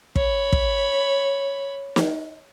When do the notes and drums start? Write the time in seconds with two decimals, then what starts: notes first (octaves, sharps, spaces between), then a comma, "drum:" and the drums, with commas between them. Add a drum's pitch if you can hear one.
0.16 C#5 B5, drum: kick
0.53 drum: kick
1.96 drum: snare